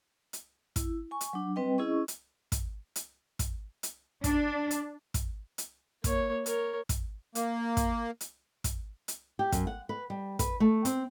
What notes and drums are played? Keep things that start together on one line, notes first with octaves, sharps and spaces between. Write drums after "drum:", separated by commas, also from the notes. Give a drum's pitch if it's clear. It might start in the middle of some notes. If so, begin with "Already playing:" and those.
drum: hi-hat
E4, drum: kick, hi-hat
G#5 C#6
drum: hi-hat
F#3 D4
G3 C4 B4 D#5 G5
C#4 E4 G#4 D#5 C#6
drum: hi-hat
drum: kick, hi-hat
drum: hi-hat
drum: kick, hi-hat
drum: hi-hat
D4, drum: kick, hi-hat
drum: hi-hat
drum: kick, hi-hat
drum: hi-hat
A#3 C#5, drum: kick, hi-hat
A#4 C#5, drum: hi-hat
drum: kick, hi-hat
A#3, drum: hi-hat
drum: kick, hi-hat
drum: hi-hat
drum: kick, hi-hat
drum: hi-hat
G4
F#2, drum: kick, hi-hat
F#5
B4
G3
B4, drum: kick, hi-hat
A3
C4, drum: hi-hat